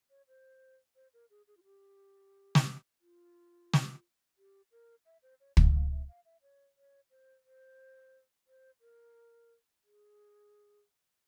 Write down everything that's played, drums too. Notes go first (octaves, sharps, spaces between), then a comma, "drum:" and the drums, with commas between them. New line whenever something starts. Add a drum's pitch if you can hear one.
C#5
C5
C5
A#4
G#4
G#4
F4
G4
drum: snare
F4
drum: snare
G4
A#4
E5
C5
C#5
F5, drum: kick
F5
E5
F5
E5
C#5
C#5
C5
C5
C5
A#4
G#4